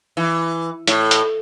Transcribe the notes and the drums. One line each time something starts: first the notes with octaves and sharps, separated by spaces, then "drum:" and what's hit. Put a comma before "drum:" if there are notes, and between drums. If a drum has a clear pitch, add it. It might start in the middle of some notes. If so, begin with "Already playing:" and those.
E3
A2, drum: hi-hat
drum: hi-hat